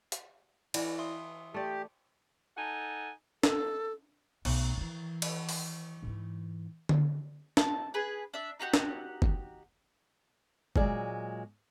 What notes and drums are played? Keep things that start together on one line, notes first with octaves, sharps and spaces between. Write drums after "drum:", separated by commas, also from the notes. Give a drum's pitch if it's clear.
drum: hi-hat
E3 E4 D5, drum: cymbal
E5 C6 D#6
A3 G4 D5
D#4 A4 F#5 G#5 A5
A4, drum: snare
B1 A3, drum: cymbal
D#3 E3
drum: cymbal
drum: open hi-hat
G#2 E3
drum: tom D3
A5, drum: snare
G#4 B4
D4 E5
D#4 F#4 G4 F#5
drum: snare
drum: kick F#1
A#2 F#3 G#3 D5, drum: kick F#1